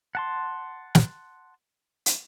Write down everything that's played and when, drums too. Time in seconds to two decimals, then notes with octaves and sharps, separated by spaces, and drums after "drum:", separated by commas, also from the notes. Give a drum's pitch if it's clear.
0.15 F#5 A5 C6
0.95 drum: snare
2.06 drum: hi-hat